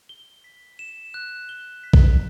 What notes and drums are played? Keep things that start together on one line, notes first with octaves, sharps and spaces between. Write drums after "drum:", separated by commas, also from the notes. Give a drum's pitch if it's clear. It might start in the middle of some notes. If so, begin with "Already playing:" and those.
G7
B6
E7
F#6
G7
B6
drum: kick